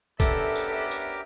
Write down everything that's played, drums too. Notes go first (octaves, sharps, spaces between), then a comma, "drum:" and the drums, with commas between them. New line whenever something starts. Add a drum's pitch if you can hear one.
B3 C#4 D4 G4 A4 A#4 E5 D6, drum: kick, tambourine
drum: tambourine
drum: tambourine